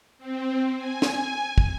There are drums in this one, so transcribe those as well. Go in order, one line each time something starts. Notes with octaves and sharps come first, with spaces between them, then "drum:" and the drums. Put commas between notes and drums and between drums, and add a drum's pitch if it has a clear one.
C4
G#5
drum: snare
drum: kick